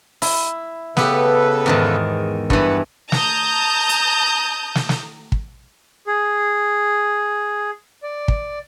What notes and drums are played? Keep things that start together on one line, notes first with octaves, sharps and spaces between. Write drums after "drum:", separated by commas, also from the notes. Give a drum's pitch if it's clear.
E4, drum: open hi-hat
C#3 B3 G4 A4 B4, drum: snare
E2 G#2 D#3
G2 E3 B4 F#5, drum: kick
A5 A#5 D#6 G6, drum: snare
drum: hi-hat
drum: snare
drum: snare
drum: kick
G#4
D5
drum: kick